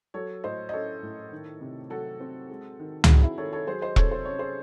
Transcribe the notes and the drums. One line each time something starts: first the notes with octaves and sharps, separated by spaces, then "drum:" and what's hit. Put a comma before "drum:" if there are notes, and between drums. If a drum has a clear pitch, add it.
F#3 A4 C#5
A2 C5 D#5
D#5
C#4 A4 C#5
A2
D#3
C3
F#3 F#4 A4
C4
G#3
D#3
G#4, drum: tom
C4 D#4 F#4
E4
D#3 A4 C#5
A4 C#5
F#3 G#4 C5
C5 D#5
C3 A4 C#5, drum: kick E1
C5
C#4 C#5
G#4 C5